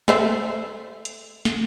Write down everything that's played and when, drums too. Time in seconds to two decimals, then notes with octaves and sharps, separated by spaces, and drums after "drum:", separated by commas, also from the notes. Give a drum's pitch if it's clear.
0.08 A3 C5 E5, drum: snare
1.05 drum: hi-hat
1.45 drum: snare